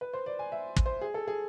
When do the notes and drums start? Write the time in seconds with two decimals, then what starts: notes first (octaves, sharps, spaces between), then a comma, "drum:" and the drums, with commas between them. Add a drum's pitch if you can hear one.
0.01 B4
0.13 C5
0.26 D5
0.39 G#5
0.52 E5
0.77 drum: kick
0.86 C5
1.01 G#4
1.14 A4
1.28 G#4